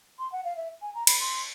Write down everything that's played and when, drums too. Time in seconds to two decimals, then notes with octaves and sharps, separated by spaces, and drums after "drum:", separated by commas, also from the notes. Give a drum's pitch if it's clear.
0.19 C6
0.32 F#5
0.44 F5
0.57 E5
0.82 G#5
0.95 A#5
1.07 B5, drum: cymbal
1.20 C6